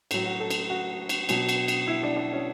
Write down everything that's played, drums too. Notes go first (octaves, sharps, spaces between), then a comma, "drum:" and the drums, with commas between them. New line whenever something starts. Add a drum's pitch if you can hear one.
A2 F#3, drum: cymbal
F#4
A4
drum: cymbal
F#4
drum: cymbal
B2 F#3, drum: cymbal
drum: cymbal
drum: cymbal
E4
D4
D4
C#4